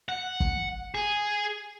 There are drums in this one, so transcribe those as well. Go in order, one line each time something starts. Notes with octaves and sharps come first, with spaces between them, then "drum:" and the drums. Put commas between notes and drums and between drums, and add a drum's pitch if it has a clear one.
F#5
drum: kick
G#4